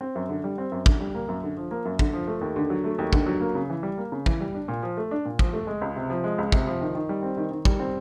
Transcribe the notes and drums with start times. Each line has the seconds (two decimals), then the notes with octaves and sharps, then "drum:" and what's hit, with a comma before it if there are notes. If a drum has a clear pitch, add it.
0.01 C4
0.15 F#2
0.29 D3
0.44 G3
0.58 C4
0.72 F#2
0.86 D3, drum: kick
1.00 G3
1.14 A#3
1.29 F#2
1.43 D3
1.57 F3
1.71 A#3
1.85 F#2
1.99 D3, drum: kick
2.13 F3
2.27 A3
2.41 D#2
2.56 D3
2.70 F#3
2.84 A3
2.99 D#2
3.13 D3, drum: kick
3.26 F#3
3.41 A#3
3.55 C#3
3.70 E3
3.83 G3
3.98 A#3
4.12 C#3
4.26 E3, drum: kick
4.40 G3
4.54 D4
4.68 A#2
4.83 F3
4.97 A3
5.11 D4
5.25 A#2
5.39 F3, drum: kick
5.53 A3
5.67 G#3
5.81 C#2
5.96 C3
6.10 F3
6.24 G#3
6.38 C#2
6.52 C3, drum: kick
6.67 F3
6.81 D#3
6.95 D#3
7.09 G3
7.23 C4
7.37 D#3
7.51 D#3
7.65 G3, drum: kick
7.80 C4